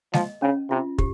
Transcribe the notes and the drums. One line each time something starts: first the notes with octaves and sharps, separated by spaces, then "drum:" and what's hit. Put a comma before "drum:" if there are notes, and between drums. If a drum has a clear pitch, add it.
F3 D#5, drum: snare G#3
C#3 C#4
C3 F4
G4, drum: kick